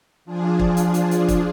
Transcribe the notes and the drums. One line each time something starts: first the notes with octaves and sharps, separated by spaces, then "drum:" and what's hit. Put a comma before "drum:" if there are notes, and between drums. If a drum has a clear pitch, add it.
F3 D4 F4 G#4
drum: kick
drum: hi-hat
drum: hi-hat
drum: hi-hat
drum: kick, hi-hat